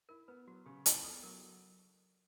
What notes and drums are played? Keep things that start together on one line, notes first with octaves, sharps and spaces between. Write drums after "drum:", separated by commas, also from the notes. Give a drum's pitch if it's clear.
E4 A#4
B3 B4
F#3 F#4
C#3 G4
E4 G#4, drum: hi-hat
B3 A4
F#3 A#4